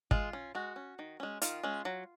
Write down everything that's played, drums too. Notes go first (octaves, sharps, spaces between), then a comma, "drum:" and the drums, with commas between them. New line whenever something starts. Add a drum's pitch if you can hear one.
G#3 F4, drum: kick
C#4
G#3 F#4
C#4
D#3
G#3 C#4
D#3 F4, drum: hi-hat
G#3 C#4
F#3